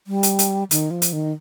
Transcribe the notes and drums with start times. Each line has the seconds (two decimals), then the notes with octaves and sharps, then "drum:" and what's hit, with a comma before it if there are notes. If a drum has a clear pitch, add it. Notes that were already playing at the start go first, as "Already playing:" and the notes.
0.07 G3
0.23 drum: hi-hat
0.39 drum: hi-hat
0.71 D#3, drum: hi-hat
0.91 F3
1.02 drum: hi-hat
1.13 D#3